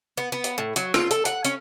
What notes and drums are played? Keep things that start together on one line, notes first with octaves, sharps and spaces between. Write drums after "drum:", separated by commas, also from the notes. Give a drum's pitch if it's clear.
B3
B3
drum: hi-hat
A2
F#3, drum: hi-hat
F4, drum: rim click
A4, drum: hi-hat
F#5, drum: hi-hat
C#4, drum: hi-hat